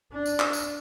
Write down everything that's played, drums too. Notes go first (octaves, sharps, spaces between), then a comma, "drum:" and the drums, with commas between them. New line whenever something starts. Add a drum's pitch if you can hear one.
D4
drum: tambourine
drum: clap
drum: tambourine